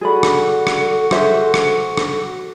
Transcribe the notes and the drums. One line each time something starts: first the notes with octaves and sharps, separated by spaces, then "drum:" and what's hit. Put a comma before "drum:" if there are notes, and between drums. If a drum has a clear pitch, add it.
F#4 G#4 A4 D5 B5
drum: rim click
drum: rim click
G#4 C5 E5, drum: rim click
drum: rim click
drum: rim click